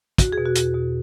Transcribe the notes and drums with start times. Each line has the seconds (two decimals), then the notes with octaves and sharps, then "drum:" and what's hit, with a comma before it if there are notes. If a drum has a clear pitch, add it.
0.18 E2 F#4, drum: kick, hi-hat
0.32 G#4
0.38 B2
0.46 F#4
0.55 E2, drum: hi-hat
0.74 B2